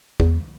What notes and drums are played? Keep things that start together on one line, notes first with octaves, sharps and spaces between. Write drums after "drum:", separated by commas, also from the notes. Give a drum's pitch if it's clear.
E2, drum: kick